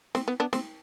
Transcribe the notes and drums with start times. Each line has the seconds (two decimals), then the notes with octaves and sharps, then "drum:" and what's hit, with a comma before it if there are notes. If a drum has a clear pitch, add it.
0.15 C4, drum: snare
0.28 B3
0.40 B3 D4
0.53 C4, drum: snare